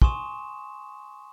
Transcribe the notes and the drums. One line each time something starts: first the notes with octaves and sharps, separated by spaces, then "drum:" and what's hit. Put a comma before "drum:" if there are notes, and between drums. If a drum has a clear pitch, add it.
G#5 C6 C#6 D#6 E7, drum: kick